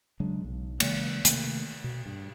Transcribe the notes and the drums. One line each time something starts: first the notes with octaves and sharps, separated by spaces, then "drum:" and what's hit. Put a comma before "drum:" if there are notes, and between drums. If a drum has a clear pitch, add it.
C#3 F#3 G#3 D4
B1
C#3 E3 G#3 A#3, drum: cymbal
C3 D#3 A3 A#3, drum: hi-hat
B2
G2